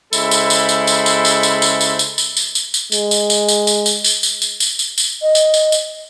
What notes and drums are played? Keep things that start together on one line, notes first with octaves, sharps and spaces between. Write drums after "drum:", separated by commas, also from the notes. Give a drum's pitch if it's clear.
C#3 G#3 E4 A4 C5 B5, drum: tambourine
drum: tambourine
drum: tambourine
drum: tambourine
drum: tambourine
drum: tambourine
drum: tambourine
drum: tambourine
drum: tambourine
drum: tambourine
drum: tambourine
drum: tambourine
drum: tambourine
drum: tambourine
drum: tambourine
G#3, drum: tambourine
drum: tambourine
drum: tambourine
drum: tambourine
drum: tambourine
drum: tambourine
drum: tambourine
drum: tambourine
drum: tambourine
drum: tambourine
drum: tambourine
drum: tambourine
D#5
drum: tambourine
drum: tambourine
drum: tambourine